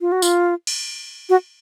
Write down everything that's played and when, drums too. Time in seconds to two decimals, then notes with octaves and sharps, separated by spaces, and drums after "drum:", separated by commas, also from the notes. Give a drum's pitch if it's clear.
0.01 F4
0.12 F#4
0.22 F4, drum: tambourine
0.67 drum: cymbal
1.30 F#4